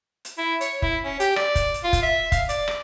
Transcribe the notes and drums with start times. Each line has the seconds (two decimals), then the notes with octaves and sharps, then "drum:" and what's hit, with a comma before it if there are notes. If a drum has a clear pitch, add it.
0.25 drum: hi-hat
0.38 E4
0.61 C#5, drum: hi-hat
0.82 E4, drum: kick F1
1.05 C#4
1.20 G4, drum: hi-hat
1.36 D5, drum: rim click
1.55 drum: kick F1, hi-hat
1.74 drum: hi-hat
1.84 F4
1.93 drum: kick F1, hi-hat
2.03 E5
2.32 F5, drum: kick F1, hi-hat
2.49 D5, drum: hi-hat
2.68 drum: rim click